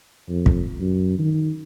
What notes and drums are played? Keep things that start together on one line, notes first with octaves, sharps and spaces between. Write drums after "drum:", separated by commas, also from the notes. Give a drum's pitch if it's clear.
F2
drum: kick
F#2
D#3